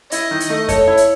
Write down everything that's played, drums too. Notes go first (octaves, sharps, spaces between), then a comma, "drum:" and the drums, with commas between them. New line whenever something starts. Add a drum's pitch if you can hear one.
E4 D#5, drum: hi-hat
D#3
drum: hi-hat
A3
A4 C#5, drum: kick F2, hi-hat
E4
drum: hi-hat